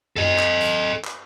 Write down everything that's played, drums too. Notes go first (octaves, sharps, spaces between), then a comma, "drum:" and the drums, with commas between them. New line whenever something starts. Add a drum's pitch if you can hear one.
A4 D#5, drum: tom F#2
drum: clap
drum: hi-hat
drum: clap